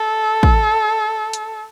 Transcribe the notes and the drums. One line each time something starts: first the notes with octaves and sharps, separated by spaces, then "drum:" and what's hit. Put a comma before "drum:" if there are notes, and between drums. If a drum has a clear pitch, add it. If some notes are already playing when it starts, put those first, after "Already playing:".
Already playing: A4
drum: kick
drum: hi-hat